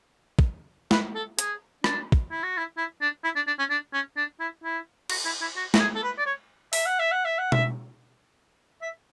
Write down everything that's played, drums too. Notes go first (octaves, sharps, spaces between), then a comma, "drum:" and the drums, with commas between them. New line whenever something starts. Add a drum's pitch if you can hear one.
drum: kick
B4, drum: snare
A4
G#4, drum: hi-hat
D4, drum: rim click
drum: kick
E4
F#4
E4
E4
D4
E4
D4
D4
C#4
D4
C#4
D4
E4
E4
F#4, drum: cymbal
E4
E4
F#4
F#4, drum: snare
G#4
A4
B4
D5
C#5
E5, drum: open hi-hat
F#5
E5
F#5
E5
F#5
E5, drum: tom B2
E5